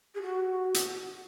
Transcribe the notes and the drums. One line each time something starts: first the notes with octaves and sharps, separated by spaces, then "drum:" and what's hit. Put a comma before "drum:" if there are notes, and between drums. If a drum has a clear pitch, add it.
G#4
F#4
drum: hi-hat